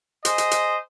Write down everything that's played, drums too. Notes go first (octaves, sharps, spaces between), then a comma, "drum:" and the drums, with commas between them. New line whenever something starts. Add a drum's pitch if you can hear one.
G#4 C5 D#5, drum: hi-hat
drum: hi-hat
drum: hi-hat